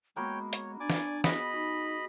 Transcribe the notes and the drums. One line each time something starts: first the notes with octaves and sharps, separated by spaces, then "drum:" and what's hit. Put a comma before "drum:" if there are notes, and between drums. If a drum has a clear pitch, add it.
G#3 A#3 B3 F#4 C#5 G5
C#5, drum: hi-hat
D4 D5 G#5 D6
drum: snare
B3 F#4 G#4 D#5 B5, drum: snare
D#4 F#4